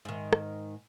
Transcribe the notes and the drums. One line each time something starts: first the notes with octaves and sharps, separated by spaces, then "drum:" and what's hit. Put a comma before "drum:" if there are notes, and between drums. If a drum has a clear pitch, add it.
G#2 D#3
drum: rim click